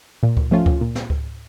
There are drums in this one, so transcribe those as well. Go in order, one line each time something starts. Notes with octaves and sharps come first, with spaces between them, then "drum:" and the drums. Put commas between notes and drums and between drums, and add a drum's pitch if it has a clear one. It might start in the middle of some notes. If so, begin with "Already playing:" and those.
A#2
drum: kick C#2
F3 A3 C#4 F4
drum: kick C#2
A#2
drum: snare
drum: kick C#2